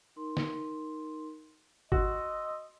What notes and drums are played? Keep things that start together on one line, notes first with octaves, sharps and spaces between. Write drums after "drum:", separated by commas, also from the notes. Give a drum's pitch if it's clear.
D#4 A#4 C6
drum: snare
F#4 D#5 C6 E6, drum: kick G1